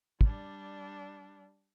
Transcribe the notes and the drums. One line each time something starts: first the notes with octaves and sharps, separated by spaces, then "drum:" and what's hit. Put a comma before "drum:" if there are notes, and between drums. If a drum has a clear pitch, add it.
G3 D4, drum: kick